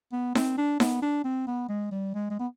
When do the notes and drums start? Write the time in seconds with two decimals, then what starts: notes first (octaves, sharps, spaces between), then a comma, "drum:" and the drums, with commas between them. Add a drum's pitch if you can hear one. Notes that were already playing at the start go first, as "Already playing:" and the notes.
0.13 B3
0.35 C4, drum: snare D#4
0.58 D4
0.80 B3, drum: snare D#4
1.02 D4
1.24 C4
1.47 B3
1.69 G#3
1.92 G3
2.14 G#3
2.31 G#3
2.39 B3